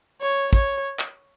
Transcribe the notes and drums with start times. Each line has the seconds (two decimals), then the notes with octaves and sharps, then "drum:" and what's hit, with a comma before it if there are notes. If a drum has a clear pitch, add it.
0.21 C#5
0.53 C#5, drum: kick
0.99 drum: clap